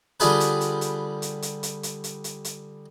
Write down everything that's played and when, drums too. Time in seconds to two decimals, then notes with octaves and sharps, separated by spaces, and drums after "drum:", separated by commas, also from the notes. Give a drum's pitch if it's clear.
0.20 D3 G3 D4 F4 G#4 B4, drum: hi-hat
0.40 drum: hi-hat
0.61 drum: hi-hat
0.81 drum: hi-hat
1.22 drum: hi-hat
1.42 drum: hi-hat
1.63 drum: hi-hat
1.83 drum: hi-hat
2.04 drum: hi-hat
2.24 drum: hi-hat
2.44 drum: hi-hat